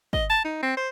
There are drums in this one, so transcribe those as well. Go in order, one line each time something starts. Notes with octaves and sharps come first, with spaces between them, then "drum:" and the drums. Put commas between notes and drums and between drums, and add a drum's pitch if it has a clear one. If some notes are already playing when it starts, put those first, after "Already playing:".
D#5, drum: kick
A5
D#4
C4
C5